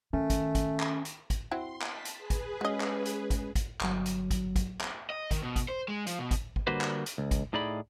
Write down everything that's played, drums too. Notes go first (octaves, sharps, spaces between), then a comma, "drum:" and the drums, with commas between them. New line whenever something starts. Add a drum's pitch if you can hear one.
D#3 A3 C#4
drum: kick, hi-hat
drum: kick, hi-hat
drum: clap
drum: hi-hat
drum: kick, hi-hat
C4 E4 F#4 C6
A5 B6, drum: clap
drum: hi-hat
G#4 B4
drum: kick, hi-hat
G#3 C#4 F#4 D#5
drum: clap
drum: hi-hat
drum: kick, hi-hat
drum: kick, hi-hat
G1 F#3, drum: clap
drum: hi-hat
drum: kick, hi-hat
drum: kick, hi-hat
drum: clap
D#5
D#3, drum: kick, hi-hat
B2
drum: kick, hi-hat
C5
G#3
F3, drum: hi-hat
B2
drum: kick, hi-hat
drum: kick
D3 G3 A#3 F#4 B4 C5
drum: clap
drum: hi-hat
C#2
drum: kick, hi-hat
A2 D#4 G#4 D5 B5